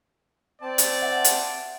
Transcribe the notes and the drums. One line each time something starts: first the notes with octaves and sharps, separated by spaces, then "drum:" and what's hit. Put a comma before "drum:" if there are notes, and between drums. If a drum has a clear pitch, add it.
C4 D5 A5
drum: hi-hat
E5 F#5
drum: hi-hat